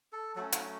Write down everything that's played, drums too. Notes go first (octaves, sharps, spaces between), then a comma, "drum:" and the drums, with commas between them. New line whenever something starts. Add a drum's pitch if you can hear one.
A4
F#3 A3 C#4 A4
drum: hi-hat